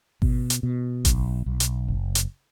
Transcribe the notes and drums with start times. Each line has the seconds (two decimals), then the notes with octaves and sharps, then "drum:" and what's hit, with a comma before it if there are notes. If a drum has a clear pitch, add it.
0.22 B2, drum: kick G#1
0.50 drum: hi-hat
0.63 B2
1.05 B1, drum: kick G#1, hi-hat
1.46 B1
1.60 drum: hi-hat
1.88 F#1
2.15 drum: hi-hat